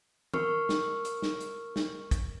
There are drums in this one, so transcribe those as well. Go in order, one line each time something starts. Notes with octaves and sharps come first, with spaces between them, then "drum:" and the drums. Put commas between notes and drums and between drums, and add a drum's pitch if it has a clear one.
A#4 C#6 F6, drum: tom D#3
drum: snare
drum: hi-hat
drum: snare
drum: hi-hat
drum: snare
drum: kick, hi-hat